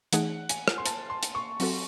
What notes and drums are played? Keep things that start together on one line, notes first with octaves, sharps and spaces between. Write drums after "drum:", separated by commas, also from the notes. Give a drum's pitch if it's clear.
E3 A3 D#4 G#4 F#5, drum: hi-hat
G#5, drum: hi-hat
drum: rim click
C6
A5, drum: hi-hat
C6
drum: hi-hat
C#6
F#3 C4 F#4 A4, drum: open hi-hat